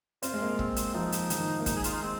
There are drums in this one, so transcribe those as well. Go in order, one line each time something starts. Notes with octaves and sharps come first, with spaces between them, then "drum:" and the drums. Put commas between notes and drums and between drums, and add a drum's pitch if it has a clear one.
C4 F4, drum: hi-hat
G#3
A#3
C4, drum: kick
drum: hi-hat
F3 D#4
drum: hi-hat
D#3, drum: hi-hat
A#3
G#3 D#4, drum: kick, hi-hat
G#4
F4, drum: hi-hat
D#4
G#3 C4